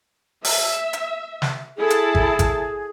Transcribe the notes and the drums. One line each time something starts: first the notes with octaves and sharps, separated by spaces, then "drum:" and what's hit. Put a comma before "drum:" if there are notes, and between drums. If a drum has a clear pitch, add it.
E5, drum: open hi-hat
drum: hi-hat
drum: snare
E4 G#4 A4 A5
drum: hi-hat
drum: kick G#1
drum: kick G#1, hi-hat